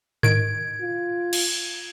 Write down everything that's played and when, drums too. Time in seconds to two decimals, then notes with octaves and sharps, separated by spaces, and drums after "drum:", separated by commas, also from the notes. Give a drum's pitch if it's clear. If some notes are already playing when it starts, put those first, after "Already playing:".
0.23 D#3 G#6 D7, drum: tom G#2
0.81 F4
1.33 drum: cymbal